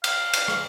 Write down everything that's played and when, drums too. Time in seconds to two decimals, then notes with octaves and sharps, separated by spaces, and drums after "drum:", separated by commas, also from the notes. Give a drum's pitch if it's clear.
0.04 F5, drum: cymbal
0.33 drum: cymbal
0.48 drum: rim click